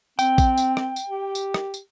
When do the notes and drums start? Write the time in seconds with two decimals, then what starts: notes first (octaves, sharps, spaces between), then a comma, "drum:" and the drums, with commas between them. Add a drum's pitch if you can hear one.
0.19 C4 G5, drum: tambourine
0.38 drum: kick, tambourine
0.57 drum: tambourine
0.77 drum: rim click
0.96 drum: tambourine
1.10 G4
1.35 drum: tambourine
1.54 drum: rim click
1.74 drum: tambourine